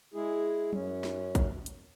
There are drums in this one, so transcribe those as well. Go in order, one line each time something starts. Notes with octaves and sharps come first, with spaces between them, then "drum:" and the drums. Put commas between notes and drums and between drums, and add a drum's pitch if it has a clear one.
G#3 E4 G#4
F#2 C#4, drum: tom F#3
drum: snare
drum: kick, hi-hat
drum: hi-hat